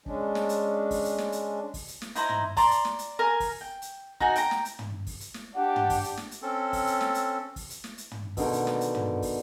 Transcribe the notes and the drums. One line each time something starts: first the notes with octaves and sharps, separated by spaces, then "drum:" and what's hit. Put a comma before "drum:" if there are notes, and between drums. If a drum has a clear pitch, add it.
G#3 C#4 D4, drum: kick
drum: snare
drum: hi-hat
drum: kick, open hi-hat
drum: hi-hat
drum: snare
drum: hi-hat
drum: kick, open hi-hat
drum: hi-hat
drum: snare
D#4 E4 C5 A#5, drum: hi-hat
drum: tom
D5 A#5 C6 D6, drum: kick, open hi-hat
drum: hi-hat
drum: snare
drum: hi-hat
A#4 G#5
drum: kick, open hi-hat
G5
drum: hi-hat
D#4 F#4 G#5, drum: kick
G5 A#5, drum: hi-hat
drum: snare
drum: hi-hat
drum: tom
drum: kick, open hi-hat
drum: hi-hat
drum: snare
D4 G4 F#5
drum: tom
drum: kick, open hi-hat
drum: hi-hat
drum: snare
drum: hi-hat
C4 C#4 A4
drum: kick, open hi-hat
drum: hi-hat
drum: snare
drum: hi-hat
drum: kick, open hi-hat
drum: hi-hat
drum: snare
drum: hi-hat
drum: tom
B2 D3 D#3, drum: kick, open hi-hat
drum: hi-hat
drum: snare
drum: hi-hat
drum: tom
drum: kick, open hi-hat